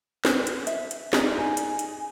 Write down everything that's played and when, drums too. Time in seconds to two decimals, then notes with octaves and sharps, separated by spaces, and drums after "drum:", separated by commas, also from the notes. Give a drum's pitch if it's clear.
0.25 G#4 B4 C5, drum: snare
0.47 drum: hi-hat
0.67 E5, drum: hi-hat
0.91 drum: hi-hat
1.13 D#4 G4 G#4 D5, drum: snare
1.38 D#4 G#5
1.57 drum: hi-hat
1.79 drum: hi-hat